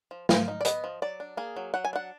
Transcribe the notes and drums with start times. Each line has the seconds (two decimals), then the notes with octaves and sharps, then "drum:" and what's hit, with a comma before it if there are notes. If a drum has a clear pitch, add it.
0.11 F3
0.29 F3 F5, drum: snare
0.48 D#4
0.61 D5
0.65 B3 D#5, drum: hi-hat
0.84 F3
1.02 F#3 D5
1.20 D4
1.37 A#3 G#4
1.57 F#3
1.74 F#3 F#5
1.85 G#5
1.93 D4 F#5